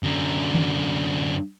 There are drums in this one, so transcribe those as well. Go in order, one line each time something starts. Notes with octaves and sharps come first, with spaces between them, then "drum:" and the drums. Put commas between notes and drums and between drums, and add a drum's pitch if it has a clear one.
F#2 D3
drum: tom D#3